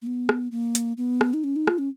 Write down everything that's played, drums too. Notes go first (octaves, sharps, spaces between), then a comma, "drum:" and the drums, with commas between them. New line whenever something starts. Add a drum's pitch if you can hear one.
A#3
B3
drum: rim click
A#3
drum: hi-hat
B3
drum: rim click
D#4
C#4
D#4
F4, drum: rim click
C#4